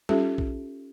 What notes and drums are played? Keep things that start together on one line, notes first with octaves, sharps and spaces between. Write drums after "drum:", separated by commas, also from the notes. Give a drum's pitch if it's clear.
C#4 D#4 F4 G4 A4 E5, drum: tom G3
drum: kick